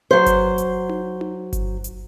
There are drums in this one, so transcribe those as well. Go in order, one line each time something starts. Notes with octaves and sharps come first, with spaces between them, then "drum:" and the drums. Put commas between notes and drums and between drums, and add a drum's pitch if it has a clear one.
F#3 C5
drum: kick G1, hi-hat
drum: hi-hat
drum: tom D#4
drum: tom D#4
drum: kick G1, hi-hat
drum: hi-hat